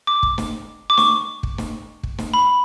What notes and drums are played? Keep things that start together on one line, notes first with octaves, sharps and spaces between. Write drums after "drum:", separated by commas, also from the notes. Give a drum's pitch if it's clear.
D6
drum: kick
drum: snare
D6
C#6, drum: snare
drum: kick
drum: snare
drum: kick
drum: snare
B5